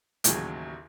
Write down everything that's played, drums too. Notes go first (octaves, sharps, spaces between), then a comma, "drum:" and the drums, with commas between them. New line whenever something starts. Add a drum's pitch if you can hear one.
A1 D#2 C#3 F#3 G#4, drum: hi-hat